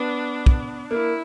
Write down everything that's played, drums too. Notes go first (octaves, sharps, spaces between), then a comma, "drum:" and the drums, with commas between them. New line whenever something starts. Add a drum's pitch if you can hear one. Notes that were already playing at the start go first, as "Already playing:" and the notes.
Already playing: B3 D4
drum: kick
A#3 E4